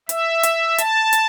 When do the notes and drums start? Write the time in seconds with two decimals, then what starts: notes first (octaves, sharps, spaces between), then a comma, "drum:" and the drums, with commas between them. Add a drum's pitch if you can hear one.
0.09 E5, drum: hi-hat
0.43 drum: hi-hat
0.78 A5, drum: hi-hat
1.13 drum: hi-hat